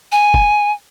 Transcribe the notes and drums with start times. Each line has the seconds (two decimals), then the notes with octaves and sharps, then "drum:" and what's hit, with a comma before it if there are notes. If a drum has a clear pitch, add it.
0.12 G#5
0.34 drum: kick